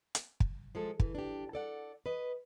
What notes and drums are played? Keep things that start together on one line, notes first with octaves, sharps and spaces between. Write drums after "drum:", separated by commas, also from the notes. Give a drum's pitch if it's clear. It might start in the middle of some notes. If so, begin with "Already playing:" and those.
drum: hi-hat
drum: kick
F3 G#3 A4
E3, drum: kick
D4 G4
A4 D5 F#5
B4 D#5